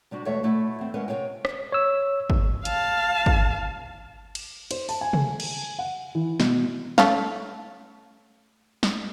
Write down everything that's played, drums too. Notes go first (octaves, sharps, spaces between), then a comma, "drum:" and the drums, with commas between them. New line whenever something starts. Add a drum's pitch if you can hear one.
C3 G3 D4 F#4
E2 B2 G#3 A3 C#5 E5
B2 A3 E4
E2 C4
G#3 B3 C#4 A#4 F5
C3 C#5 F5 G5
drum: rim click
C#5 E6
drum: kick
F5 A5, drum: hi-hat
drum: kick
drum: cymbal
C5, drum: cymbal
A5, drum: open hi-hat
G#5
drum: tom C3
drum: cymbal
F#5
E3
B2, drum: snare
A3 C#4 F5, drum: snare
drum: snare